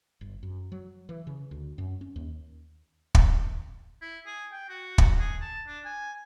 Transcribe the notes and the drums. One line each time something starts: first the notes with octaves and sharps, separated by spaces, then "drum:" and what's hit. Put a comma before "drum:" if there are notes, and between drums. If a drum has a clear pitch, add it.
G1
F#2
F#3
E3
C#3
D2
F#2
C#4
D#2
drum: kick
E4
G#4
G5
F#4
drum: kick
G#4
A5
D4
G#5